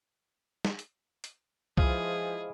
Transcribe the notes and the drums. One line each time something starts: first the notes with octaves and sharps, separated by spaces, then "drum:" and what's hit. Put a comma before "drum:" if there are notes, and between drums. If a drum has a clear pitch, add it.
drum: snare
drum: hi-hat
drum: hi-hat
E3 F3 G#3 G#4 C5 F5 F6, drum: kick C2